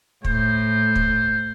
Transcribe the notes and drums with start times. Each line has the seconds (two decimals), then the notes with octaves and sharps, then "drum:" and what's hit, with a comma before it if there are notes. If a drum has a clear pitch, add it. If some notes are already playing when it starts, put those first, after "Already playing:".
0.25 A2 C5, drum: kick
0.95 drum: kick